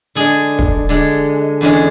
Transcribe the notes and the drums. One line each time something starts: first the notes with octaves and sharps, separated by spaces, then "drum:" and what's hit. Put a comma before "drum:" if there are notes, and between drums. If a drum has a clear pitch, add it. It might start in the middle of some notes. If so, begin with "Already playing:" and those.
D3 G#3 D4 G#4
drum: kick
D3 G#3 D4
E2 D3 G#3 C#4